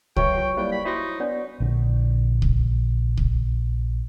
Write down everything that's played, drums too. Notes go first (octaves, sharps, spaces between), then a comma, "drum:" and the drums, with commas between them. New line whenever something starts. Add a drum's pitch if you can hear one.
F#3 B4 C#5 E5 G5 C#6, drum: kick C2
F4 G4 F#5
G3 A#3 E4 C5 D5 G5
B5
D#4 E4 F#4 C5 C6 C#6 A#6
B3 D4 C#5 D5
A#1 D3
drum: kick C2
drum: kick C2